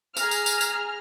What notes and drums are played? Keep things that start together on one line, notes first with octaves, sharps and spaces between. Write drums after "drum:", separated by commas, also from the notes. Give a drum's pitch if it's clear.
G#4 A#5 F6, drum: tambourine
drum: tambourine
drum: tambourine
drum: tambourine